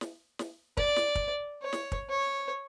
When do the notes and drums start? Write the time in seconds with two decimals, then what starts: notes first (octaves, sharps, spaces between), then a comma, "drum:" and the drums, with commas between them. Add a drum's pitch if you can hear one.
0.01 drum: snare
0.39 drum: snare
0.77 D5, drum: kick
0.96 drum: snare
1.15 drum: kick
1.62 C#5
1.73 drum: snare
1.92 drum: kick
2.10 C#5